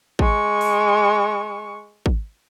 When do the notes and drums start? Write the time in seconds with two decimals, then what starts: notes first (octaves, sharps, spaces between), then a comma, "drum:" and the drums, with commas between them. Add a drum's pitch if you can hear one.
0.19 G#3 C#6, drum: kick
0.61 drum: open hi-hat
2.06 drum: kick